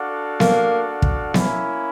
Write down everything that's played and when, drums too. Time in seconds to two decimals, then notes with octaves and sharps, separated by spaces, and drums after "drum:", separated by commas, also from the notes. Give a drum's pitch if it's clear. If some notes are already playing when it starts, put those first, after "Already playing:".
Already playing: D4 F#4 A4 D5 F5
0.40 A#3, drum: snare B3
1.02 drum: kick
1.34 A#3 C#4 E4, drum: snare B3